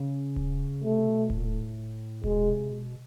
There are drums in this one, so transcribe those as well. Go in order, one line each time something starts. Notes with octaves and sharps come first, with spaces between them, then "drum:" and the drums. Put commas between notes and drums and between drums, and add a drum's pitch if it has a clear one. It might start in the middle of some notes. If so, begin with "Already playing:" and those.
Already playing: C#3
drum: kick D#1
C3 A3
B2
A2, drum: kick D#1
A#2
A2
B2 G#3, drum: kick D#1
C3
B2